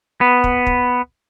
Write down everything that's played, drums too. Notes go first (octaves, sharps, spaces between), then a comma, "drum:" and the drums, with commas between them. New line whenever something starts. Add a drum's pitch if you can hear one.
B3
drum: kick
drum: kick